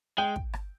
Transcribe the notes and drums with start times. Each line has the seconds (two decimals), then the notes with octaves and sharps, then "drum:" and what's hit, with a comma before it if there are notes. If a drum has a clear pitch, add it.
0.18 G#3 G5
0.36 drum: kick
0.53 drum: rim click